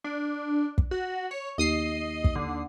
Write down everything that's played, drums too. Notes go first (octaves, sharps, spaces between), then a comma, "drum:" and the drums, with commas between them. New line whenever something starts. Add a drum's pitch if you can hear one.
D4
drum: kick
F#4
C#5
D#2 D#5 D#6 C7
drum: kick
D3